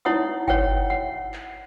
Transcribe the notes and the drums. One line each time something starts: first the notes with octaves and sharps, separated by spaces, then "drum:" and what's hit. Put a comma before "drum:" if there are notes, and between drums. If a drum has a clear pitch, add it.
D#4 E4 C#5 F#5 D#6
C#5 F#5 G5, drum: kick G1
F#5
drum: clap